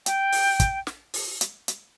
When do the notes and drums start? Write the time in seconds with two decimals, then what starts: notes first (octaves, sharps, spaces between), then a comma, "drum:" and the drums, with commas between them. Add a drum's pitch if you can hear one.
0.06 G5, drum: hi-hat
0.33 drum: open hi-hat
0.60 drum: kick, hi-hat
0.87 drum: snare
1.14 drum: open hi-hat
1.41 drum: hi-hat
1.68 drum: hi-hat